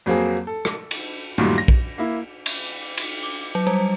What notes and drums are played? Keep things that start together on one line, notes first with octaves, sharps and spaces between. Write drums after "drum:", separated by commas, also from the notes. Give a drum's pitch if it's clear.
F2 F#3 A#3 C4 G#4
A4
drum: rim click
drum: cymbal
D2 G2 A#2 D#3 F#3
A#6
drum: kick
A#3 E4
drum: cymbal
drum: cymbal
D6
F#3
G3